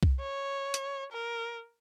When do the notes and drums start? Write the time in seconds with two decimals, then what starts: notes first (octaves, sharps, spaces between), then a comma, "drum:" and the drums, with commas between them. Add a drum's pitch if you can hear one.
0.03 drum: kick C2
0.20 C#5
0.74 drum: hi-hat
1.12 A#4